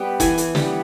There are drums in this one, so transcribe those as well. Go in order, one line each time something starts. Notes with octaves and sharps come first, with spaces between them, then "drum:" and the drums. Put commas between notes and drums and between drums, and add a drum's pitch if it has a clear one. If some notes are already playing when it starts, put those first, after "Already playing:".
Already playing: G3 B3 G5
E3 G#5, drum: kick F1, hi-hat
drum: hi-hat
G3 B3, drum: snare